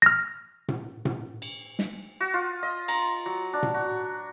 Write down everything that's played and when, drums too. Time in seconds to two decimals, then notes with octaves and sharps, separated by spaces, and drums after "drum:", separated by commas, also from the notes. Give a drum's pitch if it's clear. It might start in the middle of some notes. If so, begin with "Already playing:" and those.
0.02 F6 A#6
0.68 drum: tom A2
1.05 drum: tom A2
1.42 drum: cymbal
1.79 drum: snare
2.20 F#4
2.34 F4
2.63 D#5
2.88 A#5, drum: cymbal
3.26 F#3
3.53 D4
3.63 drum: tom A2
3.74 F#4